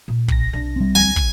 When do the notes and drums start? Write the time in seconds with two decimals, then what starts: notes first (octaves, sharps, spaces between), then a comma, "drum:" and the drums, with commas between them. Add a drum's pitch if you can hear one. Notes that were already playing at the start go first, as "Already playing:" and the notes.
0.08 A#2
0.28 B1 A#6, drum: kick
0.53 C3 D4
0.76 G3 C4
0.95 D2 D3 G#5
1.16 drum: kick